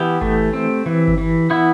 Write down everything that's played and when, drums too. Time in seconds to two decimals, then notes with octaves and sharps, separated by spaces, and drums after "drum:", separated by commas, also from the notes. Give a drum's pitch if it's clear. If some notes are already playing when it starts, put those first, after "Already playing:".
Already playing: E3 B3 G4
0.21 A3, drum: kick G1
0.53 C4
0.86 E3
1.08 drum: kick G1
1.18 E3
1.50 B3 E4